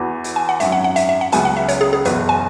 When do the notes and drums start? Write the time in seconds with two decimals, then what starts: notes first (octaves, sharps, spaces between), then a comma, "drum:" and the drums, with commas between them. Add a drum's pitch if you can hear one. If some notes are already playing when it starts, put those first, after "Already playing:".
Already playing: E2 E3 B3 F#4
0.24 drum: hi-hat
0.36 G#5
0.49 F#5
0.60 G#1 F#2 F#3 E5, drum: hi-hat
0.72 F#5
0.84 F#5
0.96 E5, drum: hi-hat
1.09 E5
1.21 F#5
1.32 C#2 C#3 F#3 B3 G#5, drum: hi-hat
1.45 F#5
1.57 E5
1.69 C#5, drum: hi-hat
1.81 G#4
1.93 G#4
2.05 F#1 E2 B2 B4, drum: hi-hat
2.29 G#5